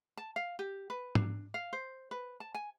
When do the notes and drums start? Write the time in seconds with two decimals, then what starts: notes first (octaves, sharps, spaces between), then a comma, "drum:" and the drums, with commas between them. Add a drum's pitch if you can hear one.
0.17 A5
0.36 F5
0.59 G4
0.90 B4
1.15 D4, drum: tom G#2
1.54 F5
1.73 C5
2.11 B4
2.40 A5
2.55 G#5